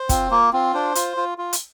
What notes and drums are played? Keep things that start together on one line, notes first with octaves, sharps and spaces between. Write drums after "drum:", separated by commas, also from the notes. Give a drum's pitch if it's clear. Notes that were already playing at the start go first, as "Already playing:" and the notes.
Already playing: C5
C4 F4, drum: kick, hi-hat
A#3 F4
C4 F4
D4 C5
F4, drum: hi-hat
F4
F4
drum: hi-hat